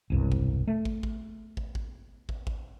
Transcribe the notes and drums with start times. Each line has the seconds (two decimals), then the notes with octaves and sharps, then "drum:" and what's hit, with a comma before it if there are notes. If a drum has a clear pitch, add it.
0.10 E1 C2 G2
0.32 drum: kick
0.67 A3
0.85 drum: kick
1.03 drum: kick
1.57 drum: kick
1.75 drum: kick
2.29 drum: kick
2.47 drum: kick